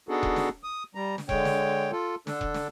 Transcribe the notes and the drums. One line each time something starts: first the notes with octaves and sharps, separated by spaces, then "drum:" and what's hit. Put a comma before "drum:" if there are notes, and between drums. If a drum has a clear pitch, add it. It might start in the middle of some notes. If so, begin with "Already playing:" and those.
B3 D4 D#4 F#4 G#4 A4
drum: kick E1
drum: snare
D#6
G3 A#5
drum: snare
D3 G#3 C#5 G5, drum: kick E1
drum: snare
F4 A4
D3 D4 A4, drum: snare
drum: kick E1
drum: snare